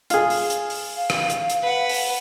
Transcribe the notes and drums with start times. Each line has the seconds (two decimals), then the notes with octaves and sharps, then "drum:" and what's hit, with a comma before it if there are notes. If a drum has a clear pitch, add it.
0.10 F4 G#4, drum: hi-hat
0.30 drum: open hi-hat
0.50 drum: hi-hat
0.70 drum: open hi-hat
0.96 F5
1.10 drum: rim click
1.30 drum: hi-hat
1.50 drum: hi-hat
1.62 B4 F#5
1.89 drum: open hi-hat